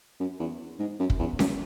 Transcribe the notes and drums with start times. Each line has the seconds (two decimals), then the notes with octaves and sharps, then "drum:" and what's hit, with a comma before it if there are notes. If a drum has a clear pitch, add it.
0.20 F#2
0.40 E2
0.79 G#2
1.00 F#2
1.10 drum: kick
1.19 E2
1.39 F#2, drum: snare C#4